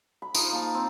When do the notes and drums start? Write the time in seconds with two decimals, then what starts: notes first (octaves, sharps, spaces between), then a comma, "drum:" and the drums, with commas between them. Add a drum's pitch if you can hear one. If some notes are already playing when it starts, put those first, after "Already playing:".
0.22 B5
0.35 F3 D#4, drum: tambourine
0.52 A#3 A5
0.74 C4